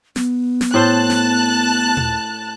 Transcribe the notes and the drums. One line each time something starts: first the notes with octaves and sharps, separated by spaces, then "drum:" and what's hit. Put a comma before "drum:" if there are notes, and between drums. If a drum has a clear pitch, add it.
B3, drum: snare
drum: snare
A2 C5 A5 F#6
drum: snare
drum: tom A#2